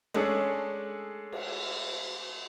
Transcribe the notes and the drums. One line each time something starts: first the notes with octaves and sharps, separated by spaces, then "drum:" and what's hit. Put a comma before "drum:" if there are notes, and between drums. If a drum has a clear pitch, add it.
G#3 A3 C#4 D4 G#4 A4, drum: rim click
drum: cymbal